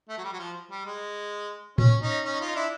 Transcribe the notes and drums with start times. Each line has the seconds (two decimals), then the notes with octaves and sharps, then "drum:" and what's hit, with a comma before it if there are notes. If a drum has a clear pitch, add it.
0.09 A3
0.18 F#3
0.24 G3
0.33 F#3
0.39 F3
0.71 G3
0.86 G#3
1.78 C#4, drum: tom A2
2.02 C#4 D#4
2.25 C#4 D#4
2.40 D#4 F4
2.56 D4 E4